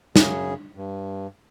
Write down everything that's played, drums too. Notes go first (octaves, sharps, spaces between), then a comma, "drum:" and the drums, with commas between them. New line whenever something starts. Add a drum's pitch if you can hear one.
F#2 C#3 G#4, drum: snare
G2